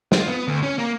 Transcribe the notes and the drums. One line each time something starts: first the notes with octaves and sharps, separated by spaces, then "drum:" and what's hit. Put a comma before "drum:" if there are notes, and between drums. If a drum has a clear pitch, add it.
F4, drum: snare
B3
D2
C#4
A#3